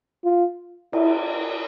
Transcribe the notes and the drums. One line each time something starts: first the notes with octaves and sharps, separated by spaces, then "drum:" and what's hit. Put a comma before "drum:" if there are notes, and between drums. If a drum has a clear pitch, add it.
F4
E4, drum: cymbal